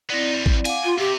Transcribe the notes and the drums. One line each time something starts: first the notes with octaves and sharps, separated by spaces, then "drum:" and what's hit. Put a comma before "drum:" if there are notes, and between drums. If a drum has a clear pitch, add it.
B3 C4 D#4 E4 D5
E2 G3
drum: kick G#1
F5 F#5 G#5 D6, drum: cymbal
F4
C3 G4